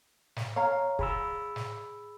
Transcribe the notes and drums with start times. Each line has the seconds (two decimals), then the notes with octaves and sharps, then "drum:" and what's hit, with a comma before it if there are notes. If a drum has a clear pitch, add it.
0.36 drum: snare
0.56 C#5 F5 A#5
0.99 G#4 B5 E6, drum: kick
1.56 drum: snare